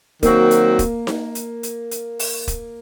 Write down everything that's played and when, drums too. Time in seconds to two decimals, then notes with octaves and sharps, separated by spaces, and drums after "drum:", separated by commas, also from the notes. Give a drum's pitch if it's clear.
0.23 D#3 F#3 A#3 C4 F#4, drum: kick, hi-hat
0.51 drum: hi-hat
0.79 drum: kick, hi-hat
1.07 drum: snare D#4
1.35 drum: hi-hat
1.63 drum: hi-hat
1.91 drum: hi-hat
2.19 drum: open hi-hat
2.48 drum: kick, hi-hat